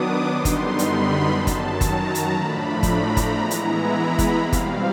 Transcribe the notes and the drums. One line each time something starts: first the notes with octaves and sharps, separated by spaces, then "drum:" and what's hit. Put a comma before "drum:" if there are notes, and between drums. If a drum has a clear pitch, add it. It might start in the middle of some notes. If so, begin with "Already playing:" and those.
Already playing: D#3 F#3 B3 D4 D6 D#6
F#2 D3 G3 B3 D#4 C6
drum: kick G1, hi-hat
B5, drum: hi-hat
F#2 D#3 F#3 A5
drum: kick G1, hi-hat
A#5, drum: kick G1, hi-hat
drum: hi-hat
A2 F3 A3 D4 B5
A#5, drum: kick G1, hi-hat
drum: kick G1, hi-hat
E3 G#3 B3 E4 A#5
drum: hi-hat
B5
drum: kick G1, hi-hat
B2 G3 C4 F5
drum: kick G1, hi-hat